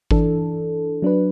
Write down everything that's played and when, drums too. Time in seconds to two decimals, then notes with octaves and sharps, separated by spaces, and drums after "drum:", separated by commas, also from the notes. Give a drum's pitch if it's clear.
0.11 E3 D4 A4, drum: kick G#1
1.02 F#3 D4 B4